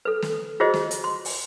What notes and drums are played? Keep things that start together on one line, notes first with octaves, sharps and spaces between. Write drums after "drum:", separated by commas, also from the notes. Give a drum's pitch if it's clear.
A4 B4
drum: snare
F4 F#4 G#4 C5 D#5
drum: snare
drum: hi-hat
C6
drum: open hi-hat